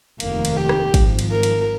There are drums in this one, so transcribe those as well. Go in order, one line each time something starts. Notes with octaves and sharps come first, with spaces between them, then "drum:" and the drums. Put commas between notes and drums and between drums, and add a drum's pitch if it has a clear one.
F1 D#2 D#3 A#3, drum: cymbal
drum: cymbal
G4
drum: rim click
G#1 G#2 F3, drum: kick, cymbal
drum: cymbal
A#4
drum: cymbal